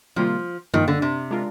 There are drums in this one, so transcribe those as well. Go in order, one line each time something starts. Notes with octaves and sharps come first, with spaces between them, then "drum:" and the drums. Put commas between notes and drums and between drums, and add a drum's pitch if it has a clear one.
C3 D#3 F3 G3 A#3 F4
D#3 F3 A#3 F4, drum: tom F#2
D3
C3
G#3 D4 F4 A#4